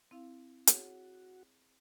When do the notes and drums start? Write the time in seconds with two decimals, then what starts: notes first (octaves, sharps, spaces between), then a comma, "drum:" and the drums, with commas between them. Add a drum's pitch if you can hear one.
0.11 C4 E4 F5
0.67 F#4 G#4 C#5, drum: hi-hat